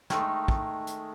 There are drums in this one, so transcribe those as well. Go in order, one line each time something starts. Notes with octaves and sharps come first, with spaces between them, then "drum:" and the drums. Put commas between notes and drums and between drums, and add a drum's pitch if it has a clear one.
D#3 G#3 A3, drum: snare
drum: kick
drum: hi-hat